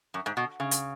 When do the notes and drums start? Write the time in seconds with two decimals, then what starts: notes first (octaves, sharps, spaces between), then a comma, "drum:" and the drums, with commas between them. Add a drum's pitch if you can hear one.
0.14 F#2
0.26 G#2
0.37 B2
0.60 C#3
0.71 drum: hi-hat